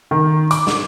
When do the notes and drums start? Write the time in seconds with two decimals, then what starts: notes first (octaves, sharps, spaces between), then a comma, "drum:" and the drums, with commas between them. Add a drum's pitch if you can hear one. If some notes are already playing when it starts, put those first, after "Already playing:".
0.11 D#3
0.51 D6, drum: hi-hat
0.67 drum: snare